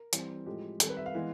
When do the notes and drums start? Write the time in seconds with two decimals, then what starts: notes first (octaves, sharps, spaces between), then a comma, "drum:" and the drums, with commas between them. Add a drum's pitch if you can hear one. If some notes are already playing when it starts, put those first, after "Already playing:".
Already playing: A#4
0.13 E3 G3 C4, drum: hi-hat
0.46 A2 F3 G#3 G4
0.80 D#3 G3 C4 A4, drum: hi-hat
0.89 B4
0.97 E5
1.06 F5
1.14 E3 G#3 B3